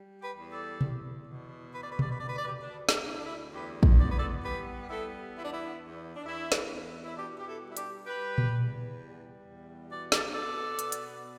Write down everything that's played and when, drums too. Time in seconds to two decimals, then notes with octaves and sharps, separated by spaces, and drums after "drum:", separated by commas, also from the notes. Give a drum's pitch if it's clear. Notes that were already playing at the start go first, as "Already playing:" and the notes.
Already playing: G3
0.20 G4 B4
0.35 E2
0.51 A4 D5
0.81 E2, drum: tom B2
1.26 B2
1.71 D2 B4
1.81 D5
1.90 B4
1.99 D5, drum: tom B2
2.08 B4
2.17 D2 D5
2.27 B4
2.35 D5
2.44 G4 B4
2.62 D2 D4
2.89 drum: snare
3.07 D2 E4
3.17 D4
3.25 E4
3.53 E2 G4 B4
3.83 drum: kick
3.99 B3 D5
4.08 B4
4.17 A4 D5
4.44 G3 G4 B4
4.89 B3 E4 A4
5.34 E2 E4
5.42 D4
5.51 E4
5.80 E2
6.16 D4
6.25 E2 E4
6.52 drum: snare
6.71 E2
7.05 E4
7.16 B2 D4 G4
7.38 G4
7.46 E4 A4
7.61 G3
7.70 E4
7.77 D4 G4, drum: hi-hat
8.06 G3 G4 B4
8.38 drum: tom A#2
8.52 E2
8.98 G3
9.42 E2
9.89 B2 D5
10.12 A4 D5, drum: snare
10.33 B3 A4 D5
10.79 B2, drum: hi-hat
10.92 drum: hi-hat